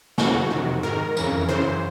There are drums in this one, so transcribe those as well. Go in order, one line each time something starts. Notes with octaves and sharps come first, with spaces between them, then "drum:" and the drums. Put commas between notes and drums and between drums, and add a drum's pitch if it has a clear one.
F#2 C#3 E3 F#4, drum: snare
F2 C3 D#3
G#2 D#3 A#4
F2 C#3 E3, drum: tambourine
F#2 C#3 E3 C5